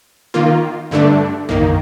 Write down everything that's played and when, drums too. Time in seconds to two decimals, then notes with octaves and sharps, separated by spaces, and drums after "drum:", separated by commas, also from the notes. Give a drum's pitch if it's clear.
0.34 D#3 A#3 F4
0.91 G2 D3 A3 D4
1.49 D#3 A#3, drum: tom